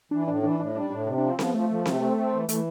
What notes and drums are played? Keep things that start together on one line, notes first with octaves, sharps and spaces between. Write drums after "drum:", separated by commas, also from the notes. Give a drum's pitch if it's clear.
E3 D4
A2 D4
E3 D4
A2 D4
G3 D4
A2 D4
C3 D4
F3 D4
C4
F3 B3, drum: snare C4
F3 A3
F3
C3, drum: snare C4
C4
C4
E3
E3 A3, drum: hi-hat